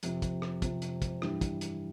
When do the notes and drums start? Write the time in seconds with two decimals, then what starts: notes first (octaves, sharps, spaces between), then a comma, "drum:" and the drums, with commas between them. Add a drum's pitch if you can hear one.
0.03 F2 C3 F3, drum: hi-hat
0.22 drum: kick, hi-hat
0.42 drum: rim click
0.62 F2 C3 F3, drum: kick, hi-hat
0.82 drum: hi-hat
1.02 drum: kick, hi-hat
1.22 G2 E3 G3, drum: rim click
1.41 drum: kick, hi-hat
1.61 drum: hi-hat